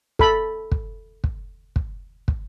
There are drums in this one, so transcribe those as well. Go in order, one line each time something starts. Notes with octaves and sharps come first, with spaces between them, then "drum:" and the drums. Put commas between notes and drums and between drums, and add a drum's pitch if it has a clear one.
A4 B5, drum: kick
drum: kick
drum: kick
drum: kick
drum: kick